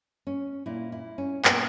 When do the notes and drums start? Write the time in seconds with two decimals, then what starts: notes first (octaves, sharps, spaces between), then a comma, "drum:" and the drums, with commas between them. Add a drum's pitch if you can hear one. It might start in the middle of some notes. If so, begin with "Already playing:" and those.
0.27 C#4
0.66 A#2 E4
0.92 E4
1.18 C#4
1.45 A#2 B3, drum: clap